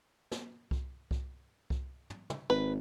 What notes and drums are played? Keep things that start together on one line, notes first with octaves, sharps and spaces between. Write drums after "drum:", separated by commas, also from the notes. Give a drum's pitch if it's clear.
drum: snare
drum: kick C2
drum: kick C2
drum: kick C2
drum: tom
drum: tom
G#1 B4